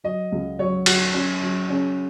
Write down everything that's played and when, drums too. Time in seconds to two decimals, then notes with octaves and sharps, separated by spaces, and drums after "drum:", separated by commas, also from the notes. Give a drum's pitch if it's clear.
0.04 F#3 D#5
0.32 C#2
0.59 F#3 C#5
0.86 F#3 F#4, drum: cymbal
1.14 F#3 C#4
1.41 F#3
1.68 C#3 C#4